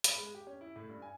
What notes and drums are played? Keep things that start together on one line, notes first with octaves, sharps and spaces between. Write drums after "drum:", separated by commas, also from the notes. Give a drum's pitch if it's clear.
B5, drum: hi-hat
G#3
G4
C#4
E4
A2
G2
G#5